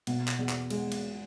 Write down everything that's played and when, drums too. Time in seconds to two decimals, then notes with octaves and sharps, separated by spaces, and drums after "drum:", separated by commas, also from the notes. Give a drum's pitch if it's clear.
0.07 B2, drum: cymbal
0.28 drum: clap
0.39 E2
0.49 drum: clap
0.70 G#3, drum: cymbal
0.92 drum: cymbal